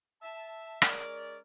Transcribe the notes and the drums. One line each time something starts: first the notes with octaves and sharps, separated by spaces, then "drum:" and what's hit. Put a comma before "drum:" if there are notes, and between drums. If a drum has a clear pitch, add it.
E5 A5
G#3 C#4 A#4 D5, drum: rim click